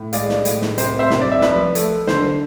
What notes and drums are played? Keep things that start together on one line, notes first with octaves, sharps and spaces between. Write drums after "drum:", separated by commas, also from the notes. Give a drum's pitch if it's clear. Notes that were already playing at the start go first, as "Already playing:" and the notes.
Already playing: A2
G#3 D5 F5, drum: hi-hat
drum: snare
A2, drum: hi-hat
drum: snare
C3 C5, drum: hi-hat
C5 E5
C3, drum: snare
D5
E5
F3 B4 D5, drum: snare
A3, drum: hi-hat
D3 C5, drum: snare